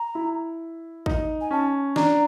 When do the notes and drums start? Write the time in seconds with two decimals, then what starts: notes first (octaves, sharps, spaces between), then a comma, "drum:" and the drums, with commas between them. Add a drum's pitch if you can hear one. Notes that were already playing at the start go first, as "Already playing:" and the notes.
Already playing: A#5
0.15 E4
1.06 D#4, drum: kick
1.41 G#5
1.51 C#4 A5
1.96 D4 A#5, drum: snare